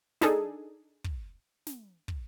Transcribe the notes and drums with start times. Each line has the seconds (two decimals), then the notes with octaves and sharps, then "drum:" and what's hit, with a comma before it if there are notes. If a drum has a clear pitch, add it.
0.21 D4 D#4 G#4 A4, drum: snare
1.04 drum: kick
1.67 drum: snare
2.08 drum: kick